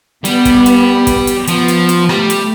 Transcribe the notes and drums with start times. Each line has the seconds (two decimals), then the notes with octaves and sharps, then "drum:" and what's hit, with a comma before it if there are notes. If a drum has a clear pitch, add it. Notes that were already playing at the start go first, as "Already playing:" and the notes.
0.25 G3 B3, drum: hi-hat
0.45 drum: kick, hi-hat
0.66 drum: hi-hat
1.07 drum: kick, hi-hat
1.27 drum: hi-hat
1.47 F3 B3, drum: hi-hat
1.68 drum: hi-hat
1.89 drum: hi-hat
2.09 G3 A3, drum: rim click
2.30 drum: hi-hat